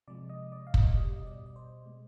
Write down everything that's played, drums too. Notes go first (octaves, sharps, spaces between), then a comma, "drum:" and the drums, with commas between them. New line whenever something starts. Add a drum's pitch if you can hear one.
C3 F3 G#3 D5
D#5
D5
F5
D#5, drum: kick
B2 G3 D#5
D5
D#5
D5
D5
C5
B2 G#3